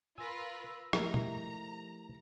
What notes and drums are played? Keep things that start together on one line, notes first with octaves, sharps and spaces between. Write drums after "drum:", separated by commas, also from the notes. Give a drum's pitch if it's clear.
F4 A#4 B4 G#5 E6 A#6
F3 A3 E4 G4 A#4 D#5 A#5, drum: rim click
drum: tom